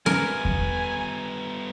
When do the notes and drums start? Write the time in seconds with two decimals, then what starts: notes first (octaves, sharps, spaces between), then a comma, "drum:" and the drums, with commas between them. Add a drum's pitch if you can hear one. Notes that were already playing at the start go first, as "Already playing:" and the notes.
0.06 G3 B3 A#4 G#5, drum: snare
0.45 drum: kick E2